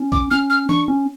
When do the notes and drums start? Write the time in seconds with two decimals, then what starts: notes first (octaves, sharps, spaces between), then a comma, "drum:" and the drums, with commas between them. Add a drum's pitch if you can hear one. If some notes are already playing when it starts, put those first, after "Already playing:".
Already playing: C#4
0.12 D6, drum: kick
0.31 C#4 F6
0.50 F6
0.69 D4 C#6, drum: tom
0.88 C#4